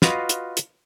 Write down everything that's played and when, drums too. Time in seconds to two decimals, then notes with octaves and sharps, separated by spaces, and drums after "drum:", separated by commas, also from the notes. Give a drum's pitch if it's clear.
0.02 F4 F#4 B4 D#5 F5, drum: snare
0.29 drum: hi-hat
0.57 drum: hi-hat